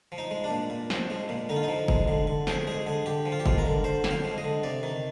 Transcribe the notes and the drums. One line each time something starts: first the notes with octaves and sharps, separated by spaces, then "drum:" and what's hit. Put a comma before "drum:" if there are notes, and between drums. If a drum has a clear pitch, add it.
F3
D#4
G#3
D4
A#2
A#2
F3, drum: snare
G#3
A#2
D3 D#4
F4
F3 D#4
G#3, drum: kick
D3
D3
F3 G#4, drum: snare
G#3 G#4
D3 G#4
D3 G4
F3
F4
G4
G#3 F4, drum: kick
A#4
D3
D3 C5
F3, drum: snare
F5
G#3
D#5
D3
C3 D5
D#3